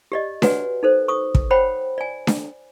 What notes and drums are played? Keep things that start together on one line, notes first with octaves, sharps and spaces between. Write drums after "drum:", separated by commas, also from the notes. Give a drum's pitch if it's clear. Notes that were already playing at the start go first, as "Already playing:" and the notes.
G4 D5 D#5
F#4 B4 C#5 D5 F#5 G#5, drum: snare D4
D#4 A4 C5
C#6 D#6
drum: kick
C5 C#5 F#5 G5 B5
D5 G#5
drum: snare D4